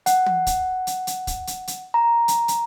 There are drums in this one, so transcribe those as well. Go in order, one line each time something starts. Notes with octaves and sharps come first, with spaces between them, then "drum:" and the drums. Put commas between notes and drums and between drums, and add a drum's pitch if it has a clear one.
F#5, drum: hi-hat
drum: tom
drum: kick, hi-hat
drum: hi-hat
drum: hi-hat
drum: kick, hi-hat
drum: hi-hat
drum: hi-hat
A#5
drum: hi-hat
drum: hi-hat